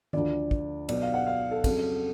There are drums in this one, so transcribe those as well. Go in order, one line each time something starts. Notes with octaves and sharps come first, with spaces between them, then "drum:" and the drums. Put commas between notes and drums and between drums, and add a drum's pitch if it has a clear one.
D2 D3 F3 D5, drum: tom D#3
drum: kick
B1 B2 F#3 D5, drum: cymbal
F5
F#5
F5
A4
F2 C#3 F#3 A4, drum: kick, cymbal